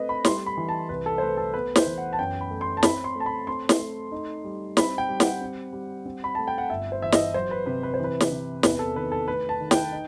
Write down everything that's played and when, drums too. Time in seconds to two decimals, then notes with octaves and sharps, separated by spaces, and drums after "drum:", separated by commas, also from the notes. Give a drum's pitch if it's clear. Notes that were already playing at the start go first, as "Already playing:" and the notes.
Already playing: A3 C4 B4 D#5
0.09 B5
0.25 G3 C6, drum: snare
0.46 B5
0.57 E3
0.69 A5
0.89 C2 B4
1.06 A4
1.18 C5
1.21 A3 B4
1.37 A4
1.54 B3 B4
1.76 C5, drum: snare
1.86 E3
1.98 F#5
2.13 A5
2.19 F#2 G5
2.41 B5
2.50 A3
2.61 C6
2.77 A5
2.83 C4 B5, drum: snare
3.04 C6
3.15 A3
3.20 A5
3.26 B5
3.47 C4 C6
3.69 drum: snare
3.79 A3
4.12 D#4
4.44 G3
4.77 C4 B5, drum: snare
4.98 G5
5.09 G3
5.20 F#5, drum: snare
5.41 C4
5.73 G3
6.06 C4
6.24 B5
6.35 A3 A5
6.48 G5
6.58 F#5
6.70 G1 E5
6.92 C5
7.02 E3 E5
7.12 D#5, drum: snare
7.34 F#3 C5
7.51 B4
7.66 C3 B4
7.83 B4
7.94 C5
8.00 E3 B4
8.20 drum: snare
8.32 C3
8.63 E2 B4, drum: snare
8.79 A4
8.96 D#3 B4
9.12 A4
9.28 A3 B4
9.49 A5
9.60 D#3
9.71 G5, drum: snare
9.92 D#4